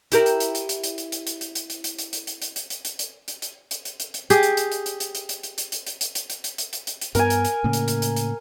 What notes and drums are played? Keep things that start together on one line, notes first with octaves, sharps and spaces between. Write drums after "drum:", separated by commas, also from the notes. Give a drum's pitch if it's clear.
E4 G4 A#4, drum: hi-hat
drum: hi-hat
drum: hi-hat
drum: hi-hat
drum: hi-hat
drum: hi-hat
drum: hi-hat
drum: hi-hat
drum: hi-hat
drum: hi-hat
drum: hi-hat
drum: hi-hat
drum: hi-hat
drum: hi-hat
drum: hi-hat
drum: hi-hat
drum: hi-hat
drum: hi-hat
drum: hi-hat
drum: hi-hat
drum: hi-hat
drum: hi-hat
drum: hi-hat
drum: hi-hat
drum: hi-hat
drum: hi-hat
drum: hi-hat
G4 G#4, drum: hi-hat
drum: hi-hat
drum: hi-hat
drum: hi-hat
drum: hi-hat
drum: hi-hat
drum: hi-hat
drum: hi-hat
drum: hi-hat
drum: hi-hat
drum: hi-hat
drum: hi-hat
drum: hi-hat
drum: hi-hat
drum: hi-hat
drum: hi-hat
drum: hi-hat
drum: hi-hat
drum: hi-hat
drum: hi-hat
G2 B3 A#4 G#5, drum: hi-hat
drum: hi-hat
drum: hi-hat
A2 C#3 A#3
drum: hi-hat
drum: hi-hat
drum: hi-hat
drum: hi-hat